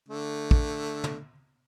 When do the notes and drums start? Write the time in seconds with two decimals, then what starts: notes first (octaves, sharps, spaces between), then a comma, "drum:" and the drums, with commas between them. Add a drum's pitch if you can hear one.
0.08 D3 A3
0.51 drum: kick
1.04 drum: tom